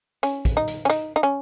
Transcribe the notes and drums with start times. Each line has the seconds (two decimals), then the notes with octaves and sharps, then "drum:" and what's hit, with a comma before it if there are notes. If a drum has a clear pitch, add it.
0.23 C#4, drum: hi-hat
0.45 drum: kick, hi-hat
0.57 D#4
0.68 drum: hi-hat
0.85 C#4
0.90 D#4, drum: hi-hat
1.16 D#4
1.23 C#4